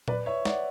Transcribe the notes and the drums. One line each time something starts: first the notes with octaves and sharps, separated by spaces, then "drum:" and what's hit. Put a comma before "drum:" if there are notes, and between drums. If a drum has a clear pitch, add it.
B4 D5, drum: tom A#2
C#5 E5
D5 F#5, drum: snare